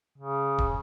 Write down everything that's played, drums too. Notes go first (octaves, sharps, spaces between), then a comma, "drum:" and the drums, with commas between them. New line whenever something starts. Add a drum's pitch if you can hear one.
C#3
drum: kick D#1